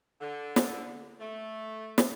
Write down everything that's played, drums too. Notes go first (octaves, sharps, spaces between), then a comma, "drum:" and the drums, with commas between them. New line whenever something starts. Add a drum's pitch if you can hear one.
D3
drum: snare
A3
drum: snare